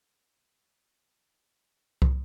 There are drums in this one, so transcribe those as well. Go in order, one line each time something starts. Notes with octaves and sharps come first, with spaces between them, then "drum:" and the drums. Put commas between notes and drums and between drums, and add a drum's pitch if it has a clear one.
B2 D3
drum: kick C2